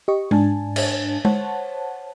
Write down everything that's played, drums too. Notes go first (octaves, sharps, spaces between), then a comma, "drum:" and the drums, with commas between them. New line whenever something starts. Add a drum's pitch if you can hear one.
G4 D#5 C#6
G#2 D4 G#5 A5, drum: tom G#3
drum: cymbal
C5 C#5 F#5 A5, drum: tom G#3